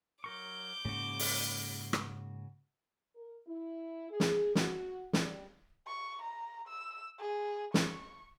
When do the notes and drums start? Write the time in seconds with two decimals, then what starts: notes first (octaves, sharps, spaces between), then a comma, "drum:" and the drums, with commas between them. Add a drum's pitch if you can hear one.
0.24 F#3 A#4 C#6 D6 G6
0.85 G#2 C#3 A#3 C#4 F#4
1.19 drum: open hi-hat
1.93 drum: rim click
3.15 A#4
3.47 E4
4.10 G#4
4.20 drum: snare
4.55 F#4, drum: snare
5.13 G3, drum: snare
5.87 C#6
6.22 A#5
6.68 E6
7.20 G#4
7.74 C#6, drum: snare